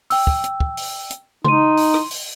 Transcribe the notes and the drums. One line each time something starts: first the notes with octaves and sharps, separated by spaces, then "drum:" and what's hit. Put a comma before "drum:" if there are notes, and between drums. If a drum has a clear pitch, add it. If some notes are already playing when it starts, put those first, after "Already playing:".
G5 E6, drum: open hi-hat
drum: kick
drum: hi-hat
drum: kick
drum: open hi-hat
drum: hi-hat
D#4 C6 D#7, drum: tom C#3
drum: open hi-hat
drum: rim click
drum: open hi-hat